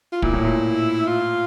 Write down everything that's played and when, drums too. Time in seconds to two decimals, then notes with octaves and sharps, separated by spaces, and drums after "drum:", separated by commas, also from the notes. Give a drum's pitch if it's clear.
0.12 F4
0.22 A#2 E4, drum: kick
0.33 A2
0.45 A#2
1.07 F4